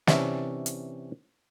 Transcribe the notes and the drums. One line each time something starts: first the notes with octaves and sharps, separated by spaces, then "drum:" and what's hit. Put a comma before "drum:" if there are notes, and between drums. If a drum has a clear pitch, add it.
C3 E3 C#4 D4 E5, drum: snare
drum: hi-hat